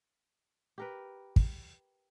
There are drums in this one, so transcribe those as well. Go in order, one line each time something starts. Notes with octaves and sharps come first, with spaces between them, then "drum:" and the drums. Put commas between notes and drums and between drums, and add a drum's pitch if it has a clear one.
G4 A#4 B4
drum: kick